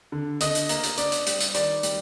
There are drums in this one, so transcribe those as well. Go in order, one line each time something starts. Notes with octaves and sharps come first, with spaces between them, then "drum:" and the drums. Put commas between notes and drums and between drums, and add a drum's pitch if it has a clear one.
D3
D3 D#5 D#6, drum: hi-hat
drum: hi-hat
A#3, drum: hi-hat
drum: hi-hat
D4 D5 D6, drum: hi-hat
drum: hi-hat
G3, drum: hi-hat
drum: hi-hat
D#3 D5 D6, drum: hi-hat
G3, drum: hi-hat